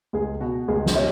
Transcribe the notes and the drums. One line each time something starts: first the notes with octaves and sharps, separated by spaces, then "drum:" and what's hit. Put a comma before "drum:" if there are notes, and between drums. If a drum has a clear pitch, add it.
C#2 G#4
B2 F#4
C#2 G#4
drum: snare
B2 C#5 E5